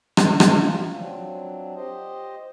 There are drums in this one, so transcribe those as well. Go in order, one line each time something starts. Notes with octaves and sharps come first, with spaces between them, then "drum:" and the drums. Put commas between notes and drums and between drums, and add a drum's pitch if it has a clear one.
drum: rim click
F4, drum: rim click
F#3 C4 D4
G4 C5 D#5